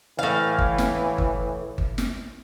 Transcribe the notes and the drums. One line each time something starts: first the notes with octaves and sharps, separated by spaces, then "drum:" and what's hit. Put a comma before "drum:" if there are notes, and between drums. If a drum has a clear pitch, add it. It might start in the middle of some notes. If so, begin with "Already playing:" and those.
A2 E3 F5
drum: kick G1
drum: snare
drum: kick G1
drum: kick G1
drum: snare